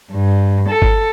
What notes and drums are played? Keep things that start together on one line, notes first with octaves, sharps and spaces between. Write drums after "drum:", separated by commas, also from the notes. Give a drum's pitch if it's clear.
G2
A4
drum: kick G1